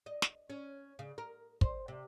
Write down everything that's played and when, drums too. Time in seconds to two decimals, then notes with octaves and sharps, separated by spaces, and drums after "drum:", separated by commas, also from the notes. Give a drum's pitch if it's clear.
0.06 D#5
0.22 drum: snare
0.50 C#4
0.99 C#3
1.18 A#4
1.61 C5, drum: kick
1.88 C3